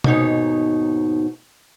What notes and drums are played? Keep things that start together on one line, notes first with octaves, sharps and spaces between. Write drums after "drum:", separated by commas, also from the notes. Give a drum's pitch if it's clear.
D#2 G#2 B2 D#4 C#5, drum: tom C3